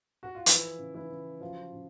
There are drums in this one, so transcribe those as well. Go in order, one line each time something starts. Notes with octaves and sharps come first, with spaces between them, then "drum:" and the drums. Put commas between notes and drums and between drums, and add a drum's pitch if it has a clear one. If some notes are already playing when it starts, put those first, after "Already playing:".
F#4
F4
E3 F3 E4, drum: hi-hat
C#3
E3 E4
C#3
F3 F#3 F4
C#3